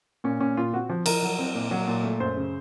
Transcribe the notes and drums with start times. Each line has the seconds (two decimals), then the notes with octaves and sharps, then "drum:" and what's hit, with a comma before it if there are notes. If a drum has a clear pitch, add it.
0.24 A#2 C#4
0.40 A#2 C#4
0.57 A#2 F4
0.73 C4 F#4
0.89 F3
1.06 F3 A#4, drum: cymbal
1.22 F#3
1.38 C4
1.55 A#2
1.71 F#3
1.88 A#2
2.03 A3
2.20 F#2 C5
2.37 C#3